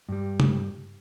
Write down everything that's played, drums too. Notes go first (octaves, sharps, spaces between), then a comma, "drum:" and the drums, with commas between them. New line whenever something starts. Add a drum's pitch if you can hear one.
G2 G3
drum: tom C3